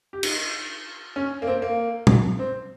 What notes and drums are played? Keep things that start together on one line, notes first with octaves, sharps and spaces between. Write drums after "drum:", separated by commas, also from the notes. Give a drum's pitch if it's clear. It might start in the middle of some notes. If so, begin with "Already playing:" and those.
G4
D#4, drum: cymbal
C#4
A#3
C4
A#3
drum: tom
C4